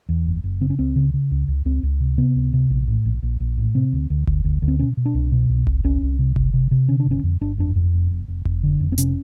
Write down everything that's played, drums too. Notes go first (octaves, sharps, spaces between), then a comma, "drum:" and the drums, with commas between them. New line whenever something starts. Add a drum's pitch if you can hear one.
E2
F#1
F#1
C#3 C4
C#4
C#2 C4
C#3
C#3
C#2
C#2
C#2 C4
C#2
C3
C3 B3
C#2
C3
A#1
A2
A#1
A#1
A#1
A2
C3 C4
D2
D2
D2, drum: kick F#1
D2
D2
C4
B2 C#4
B2
D4
C2
B2
C2
C2, drum: kick F#1
C2 C#4
C2
C3
C3, drum: kick F#1
C3
C3
D3 C#4
D4
G1 C#4
F2
G1 D4
F2 D4
F2
F1
F1
F1
F1, drum: kick F#1
D3
F1
C4
C3 C#4, drum: hi-hat